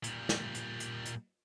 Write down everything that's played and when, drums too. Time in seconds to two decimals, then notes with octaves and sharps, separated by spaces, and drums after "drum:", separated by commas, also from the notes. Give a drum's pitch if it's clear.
0.04 A#2 G3, drum: hi-hat
0.29 drum: snare
0.55 drum: hi-hat
0.80 drum: hi-hat
1.05 drum: hi-hat